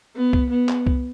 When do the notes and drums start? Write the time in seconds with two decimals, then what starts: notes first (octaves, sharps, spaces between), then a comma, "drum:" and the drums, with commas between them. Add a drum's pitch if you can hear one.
0.16 B3
0.33 drum: kick C2
0.50 B3
0.69 drum: clap
0.87 drum: kick C2